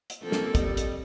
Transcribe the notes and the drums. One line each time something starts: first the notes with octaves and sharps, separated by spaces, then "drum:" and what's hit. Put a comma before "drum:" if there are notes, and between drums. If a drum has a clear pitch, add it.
drum: hi-hat
F3 A#3 C4 A4
drum: snare
G3 D#5, drum: kick, hi-hat
drum: hi-hat